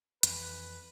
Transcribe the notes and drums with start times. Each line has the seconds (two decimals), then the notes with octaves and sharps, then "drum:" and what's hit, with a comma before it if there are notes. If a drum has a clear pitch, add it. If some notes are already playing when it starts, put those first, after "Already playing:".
0.23 F2 E3 B4, drum: hi-hat